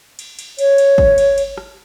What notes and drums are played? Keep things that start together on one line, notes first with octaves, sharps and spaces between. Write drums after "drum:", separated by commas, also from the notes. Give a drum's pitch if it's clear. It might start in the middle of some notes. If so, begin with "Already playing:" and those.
drum: cymbal
drum: cymbal
C#5, drum: cymbal
drum: cymbal
drum: kick G#1
drum: cymbal
drum: cymbal
drum: rim click